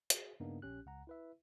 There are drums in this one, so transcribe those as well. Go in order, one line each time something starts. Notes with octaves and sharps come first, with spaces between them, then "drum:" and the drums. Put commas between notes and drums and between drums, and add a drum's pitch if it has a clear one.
F#4 G#4, drum: hi-hat
G2 C#3 A#3 B3 D4 D#4
A#1 C#4 G4 F#6
C#2 F#5 A#5
E4 B4 E5